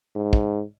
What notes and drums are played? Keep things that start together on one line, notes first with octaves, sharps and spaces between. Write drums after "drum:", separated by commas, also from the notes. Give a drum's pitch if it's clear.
G#2
drum: kick